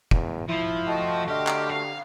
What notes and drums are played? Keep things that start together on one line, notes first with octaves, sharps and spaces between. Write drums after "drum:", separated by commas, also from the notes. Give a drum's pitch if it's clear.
E2, drum: kick
F3 E4 F4
A3 F#4 D#5 G5 A5
D3 G4 D#5 C6 F6
drum: clap
G4 F5